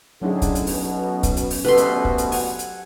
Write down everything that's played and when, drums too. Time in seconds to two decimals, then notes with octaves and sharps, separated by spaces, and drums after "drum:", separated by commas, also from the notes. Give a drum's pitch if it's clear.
0.22 A2 D3 F#3 C#4 D#4 G#4
0.42 drum: kick, hi-hat
0.55 drum: hi-hat
0.67 B1 B2, drum: open hi-hat
1.23 drum: kick, hi-hat
1.37 drum: hi-hat
1.50 drum: open hi-hat
1.65 D2 B2 G4 A4 B4 C6
1.78 drum: hi-hat
2.05 drum: kick
2.18 drum: hi-hat
2.32 F#5 G#5, drum: open hi-hat
2.59 drum: hi-hat